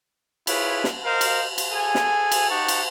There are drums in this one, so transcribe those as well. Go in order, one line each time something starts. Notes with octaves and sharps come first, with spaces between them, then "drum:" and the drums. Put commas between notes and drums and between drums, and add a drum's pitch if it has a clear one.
E4 F4 G#4 B4 C#5, drum: cymbal
drum: snare
A#4 C5 D#5 F5
drum: cymbal
drum: cymbal
G#4 A4 G#5
drum: snare
drum: cymbal
D#4 G4 F#5 A5 C#6
drum: cymbal